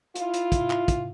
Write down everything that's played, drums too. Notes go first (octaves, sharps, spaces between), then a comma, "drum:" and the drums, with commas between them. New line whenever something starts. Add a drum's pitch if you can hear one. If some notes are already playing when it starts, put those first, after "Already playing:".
E4 F4, drum: hi-hat
drum: hi-hat
drum: kick, hi-hat
drum: clap
drum: kick, hi-hat